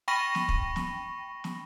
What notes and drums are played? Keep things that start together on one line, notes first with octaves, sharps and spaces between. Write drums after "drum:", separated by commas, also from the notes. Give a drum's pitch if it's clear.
G5 B5 C#6 A#6 D#7
drum: snare
drum: kick
drum: snare
drum: snare